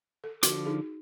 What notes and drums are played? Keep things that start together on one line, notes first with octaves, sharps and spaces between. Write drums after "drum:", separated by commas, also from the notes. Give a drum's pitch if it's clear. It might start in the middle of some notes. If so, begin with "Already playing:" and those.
A4
D3 F3 F#4 D6, drum: hi-hat
D#4 G#4